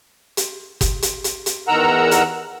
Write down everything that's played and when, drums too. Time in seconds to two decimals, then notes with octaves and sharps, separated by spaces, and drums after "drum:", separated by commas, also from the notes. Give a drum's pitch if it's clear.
0.37 drum: hi-hat
0.81 drum: kick F#1, hi-hat
1.02 drum: hi-hat
1.24 drum: hi-hat
1.46 drum: hi-hat
1.68 E2 D#3 A#4 F#5 A#5 E6
2.11 drum: hi-hat